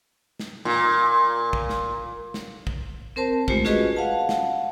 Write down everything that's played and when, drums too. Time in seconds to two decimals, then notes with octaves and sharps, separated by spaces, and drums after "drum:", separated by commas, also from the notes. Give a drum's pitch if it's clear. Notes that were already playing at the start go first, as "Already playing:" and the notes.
0.40 drum: snare
0.65 A#2
1.53 drum: kick
1.69 drum: snare
2.34 drum: snare
2.67 drum: kick
3.16 C4 A#4 C5 A5
3.48 G#3 A3 F4 G4 C5, drum: kick
3.65 C#4 F4 F#4 G#4 B4 D#5, drum: snare
3.96 F5 F#5 A5
4.29 drum: snare